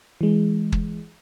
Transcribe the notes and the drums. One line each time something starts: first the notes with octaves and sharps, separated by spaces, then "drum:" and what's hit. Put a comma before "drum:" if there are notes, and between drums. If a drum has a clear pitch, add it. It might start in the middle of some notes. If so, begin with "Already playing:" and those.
E3 G#3
drum: kick